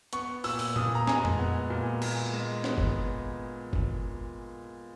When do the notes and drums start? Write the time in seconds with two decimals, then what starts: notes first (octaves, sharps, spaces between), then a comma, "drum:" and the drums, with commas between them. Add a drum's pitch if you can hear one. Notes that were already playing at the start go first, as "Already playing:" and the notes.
0.13 B3 C#6, drum: hi-hat
0.44 A#2 E6, drum: open hi-hat
0.59 drum: open hi-hat
0.76 A#2 D#6, drum: tom A#2
0.95 A#5
1.07 G#3 G#5, drum: snare
1.25 drum: tom F2
1.39 B3
1.70 A#2
2.02 A#2, drum: cymbal
2.33 G#3
2.64 B3, drum: snare
2.78 drum: kick G1
3.73 drum: kick G1